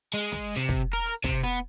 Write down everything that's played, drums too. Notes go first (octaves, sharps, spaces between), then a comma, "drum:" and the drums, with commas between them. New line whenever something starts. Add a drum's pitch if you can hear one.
G#3, drum: hi-hat
drum: snare
C3
drum: kick, hi-hat
A#4
drum: hi-hat
C3, drum: kick, hi-hat
B3, drum: hi-hat